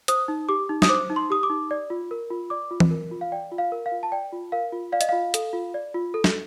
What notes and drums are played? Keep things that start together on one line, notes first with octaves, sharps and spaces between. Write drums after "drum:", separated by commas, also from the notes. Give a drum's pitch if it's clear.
C5 D#6, drum: hi-hat
D#4
G4 D6
D#4
D#6, drum: snare
C5 D6
D#4
C6
G4 D#6
D6
D#4
D5
F4
A#4
F4
D5 D6
F4
drum: tom E3
A#4
F4
F5
D5 G5
F4
F5
A#4
F5
F4
A5
D5 G5
F4
A#4 F5
F4
D5 F5
D#5, drum: hi-hat
F4 F5
A4, drum: hi-hat
F4
D5
F4
A4
drum: snare